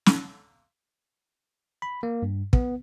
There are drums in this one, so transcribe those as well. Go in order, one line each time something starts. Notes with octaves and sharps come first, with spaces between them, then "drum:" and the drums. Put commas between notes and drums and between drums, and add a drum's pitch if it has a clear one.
drum: snare
B5
A#3
G2
B3, drum: kick